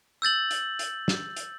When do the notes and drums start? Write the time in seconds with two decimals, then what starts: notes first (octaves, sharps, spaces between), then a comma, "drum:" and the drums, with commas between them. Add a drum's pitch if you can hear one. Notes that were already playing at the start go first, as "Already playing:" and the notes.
0.22 E6 G6 A6 F#7
0.51 drum: hi-hat
0.79 drum: hi-hat
1.08 drum: snare
1.37 drum: hi-hat